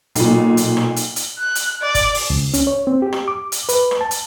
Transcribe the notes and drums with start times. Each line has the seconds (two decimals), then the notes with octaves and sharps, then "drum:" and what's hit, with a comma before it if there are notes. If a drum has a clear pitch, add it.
0.15 B1 A#2, drum: hi-hat
0.57 drum: hi-hat
0.77 drum: rim click
0.96 drum: hi-hat
1.16 drum: hi-hat
1.39 F#6
1.55 drum: hi-hat
1.81 D5
1.95 drum: kick, hi-hat
2.14 drum: open hi-hat
2.30 C#2
2.54 C#4, drum: hi-hat
2.67 C#5
2.87 C4
3.02 G4
3.13 drum: rim click
3.28 D6
3.52 drum: hi-hat
3.69 B4, drum: hi-hat
3.91 drum: rim click
4.01 A5
4.11 drum: hi-hat